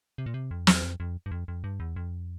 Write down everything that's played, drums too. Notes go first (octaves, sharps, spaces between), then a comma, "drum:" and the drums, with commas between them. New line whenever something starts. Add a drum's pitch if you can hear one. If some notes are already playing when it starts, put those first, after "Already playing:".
C3
A#2
C3
F2
E2, drum: snare
F2
F2
G2
F2
F2
G2
E2
F2